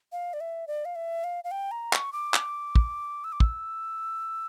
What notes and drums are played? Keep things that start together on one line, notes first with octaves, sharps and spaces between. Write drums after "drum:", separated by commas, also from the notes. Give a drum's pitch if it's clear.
F5
D5
E5
D5
F5
E5
F5
F5
G5
A#5
C#6, drum: clap
D6
drum: clap
drum: kick
E6
D6
E6, drum: kick